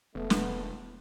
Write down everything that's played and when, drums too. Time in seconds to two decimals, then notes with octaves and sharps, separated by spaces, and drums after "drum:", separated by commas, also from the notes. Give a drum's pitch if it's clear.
0.15 E1 A3 B3
0.30 drum: snare